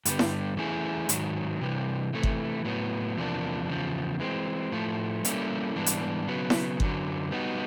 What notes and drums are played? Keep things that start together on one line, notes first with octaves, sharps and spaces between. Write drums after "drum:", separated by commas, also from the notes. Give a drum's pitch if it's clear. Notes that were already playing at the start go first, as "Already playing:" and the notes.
G2 D3 G3 B3, drum: hi-hat
drum: snare E4
E3 A3 C#4 E4 G#4
G#2 D#3 F#3, drum: hi-hat
C3 E3 G3
C3 E3 A3
drum: kick G1
A2 F#3 B3
E2 C3 F3 A#3 D4
E2 C#3 F3
E3 G#3 C4
A2 F3 A3
G3 A#3 C#4 E4 A4, drum: hi-hat
G#2 E3 G3 B3 D4
drum: hi-hat
C#3 F#3 B3
drum: snare E4
F#2 D3 F#3, drum: kick G1
G3 B3 D#4 F#4